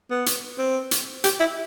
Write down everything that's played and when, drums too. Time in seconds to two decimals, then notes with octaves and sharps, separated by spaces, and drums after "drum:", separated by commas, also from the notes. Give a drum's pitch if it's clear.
0.11 B3
0.26 drum: hi-hat
0.58 C4
0.91 drum: hi-hat
1.24 G4, drum: hi-hat
1.40 E4